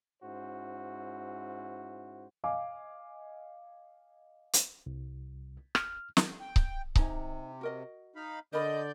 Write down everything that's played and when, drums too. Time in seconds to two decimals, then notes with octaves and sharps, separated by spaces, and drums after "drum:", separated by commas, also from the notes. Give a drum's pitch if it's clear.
0.23 G#2 C#4 E4 F#4 C5
2.44 D#5 F5 G#5 D6
4.53 drum: hi-hat
4.86 C2
5.75 F6, drum: rim click
6.17 drum: snare
6.40 G5
6.56 drum: kick C#1
6.95 C3 D#4 G#5 A#5, drum: kick C#1
7.61 F#4 A#4 D#5
8.16 D#4 F5 B5
8.53 D3 A#4 D5 D#5 B5 G6